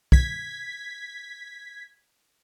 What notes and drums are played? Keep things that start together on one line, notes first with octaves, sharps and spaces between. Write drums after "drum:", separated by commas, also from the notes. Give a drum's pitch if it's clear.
G#6 B6, drum: kick